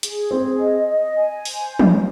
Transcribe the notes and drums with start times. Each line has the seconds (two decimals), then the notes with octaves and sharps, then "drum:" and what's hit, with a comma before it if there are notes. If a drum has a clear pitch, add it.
0.03 G#4, drum: hi-hat
0.31 C4 G#4
0.59 D#5
0.88 D#5
1.16 G#5
1.45 C5, drum: open hi-hat
1.79 drum: tom